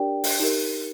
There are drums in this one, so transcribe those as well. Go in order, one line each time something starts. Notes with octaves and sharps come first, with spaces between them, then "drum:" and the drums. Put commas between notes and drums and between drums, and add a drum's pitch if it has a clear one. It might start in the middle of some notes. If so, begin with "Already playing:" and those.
Already playing: D4 G4 A#4 D5 G5
drum: open hi-hat
D#4 G4 A#4